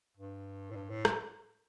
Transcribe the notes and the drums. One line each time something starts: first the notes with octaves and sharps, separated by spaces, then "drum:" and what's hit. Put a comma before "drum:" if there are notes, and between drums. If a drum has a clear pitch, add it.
G2
A2
G2
A2
drum: rim click